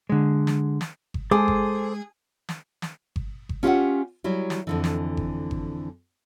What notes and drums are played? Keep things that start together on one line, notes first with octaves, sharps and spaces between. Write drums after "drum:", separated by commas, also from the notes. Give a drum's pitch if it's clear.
D3 G#3
drum: snare
drum: snare
drum: kick G1
G#3 G#4 A4 C5 D6
drum: kick G1
drum: snare
drum: snare
drum: kick G1
drum: kick G1
C#4 F4 G4 B4 E5 F#5
F#3 G3 E4
drum: snare
F2 D3 E3
drum: snare
drum: kick G1
drum: kick G1